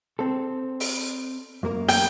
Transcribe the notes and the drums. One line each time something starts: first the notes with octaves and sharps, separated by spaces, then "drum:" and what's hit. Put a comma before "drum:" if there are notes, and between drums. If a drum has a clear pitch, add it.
C4 A4
drum: open hi-hat
F#2 A#3 A#4
G5, drum: open hi-hat